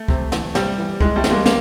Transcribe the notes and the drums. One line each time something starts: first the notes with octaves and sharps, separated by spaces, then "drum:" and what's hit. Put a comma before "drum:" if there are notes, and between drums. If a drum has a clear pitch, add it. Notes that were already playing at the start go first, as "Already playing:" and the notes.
Already playing: A3
C3, drum: kick C#2
E3, drum: snare
C3 G3, drum: snare
E3
A2 G#3, drum: kick C#2
G3 A3
E3, drum: snare
G#3 A#3
A#3, drum: snare